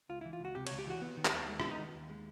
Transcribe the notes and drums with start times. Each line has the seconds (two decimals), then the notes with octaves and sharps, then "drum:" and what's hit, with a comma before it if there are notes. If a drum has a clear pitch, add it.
0.09 C#2 F4
0.21 E3 E4
0.33 F4
0.40 C#2 F#4
0.55 C3 G4
0.67 C#2 C#5, drum: cymbal
0.79 G4
0.87 E3 F#4
1.02 B3
1.17 D#3
1.25 G4, drum: clap
1.32 D#2
1.49 G#3
1.60 B3 E4, drum: rim click
1.71 D#4
1.79 D#3
1.94 D#2
2.10 G#3